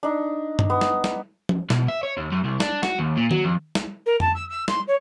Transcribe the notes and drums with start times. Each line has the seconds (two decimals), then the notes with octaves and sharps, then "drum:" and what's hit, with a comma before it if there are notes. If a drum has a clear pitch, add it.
0.03 D4 D#4
0.59 drum: tom G2
0.70 B3
0.81 drum: snare
1.04 drum: snare
1.49 drum: tom F3
1.70 B2, drum: snare
1.88 E5
2.03 C#5
2.17 D#2
2.32 F#2
2.45 C2
2.60 D4, drum: snare
2.83 F#4, drum: snare
2.99 D#2
3.17 A#2
3.31 F#3, drum: tom D#3
3.44 F2
3.75 drum: snare
4.05 A#4
4.20 A5, drum: tom F2
4.34 E6
4.49 E6
4.68 C6, drum: snare
4.87 C#5